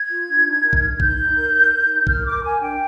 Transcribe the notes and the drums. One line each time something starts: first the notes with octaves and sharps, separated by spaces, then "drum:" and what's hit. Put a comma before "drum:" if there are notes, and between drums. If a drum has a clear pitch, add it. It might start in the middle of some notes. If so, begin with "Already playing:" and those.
Already playing: G#6
F4
D4
D#4
A#4
drum: kick A#1
D#4
D#4 G6, drum: kick A#1
D#4
A#4
A#4
D#4
D#4
A#4 F6, drum: kick A#1
A#4 D6
A#4 G#5
D4 G5